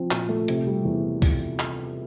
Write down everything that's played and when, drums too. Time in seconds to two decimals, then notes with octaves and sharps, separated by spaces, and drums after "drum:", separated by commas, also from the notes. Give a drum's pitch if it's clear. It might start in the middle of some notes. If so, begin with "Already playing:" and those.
Already playing: F3 C4
0.11 A#2, drum: clap
0.29 A3
0.48 C3, drum: hi-hat
0.67 G3
0.85 E2
1.22 drum: kick, open hi-hat
1.59 drum: clap